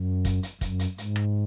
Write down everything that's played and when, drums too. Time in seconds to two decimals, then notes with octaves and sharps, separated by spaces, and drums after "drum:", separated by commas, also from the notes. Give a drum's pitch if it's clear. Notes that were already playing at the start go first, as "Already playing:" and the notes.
Already playing: F#2
0.25 drum: kick, hi-hat
0.43 drum: hi-hat
0.61 F#2, drum: kick, hi-hat
0.79 drum: hi-hat
0.98 G#2, drum: hi-hat
1.16 drum: rim click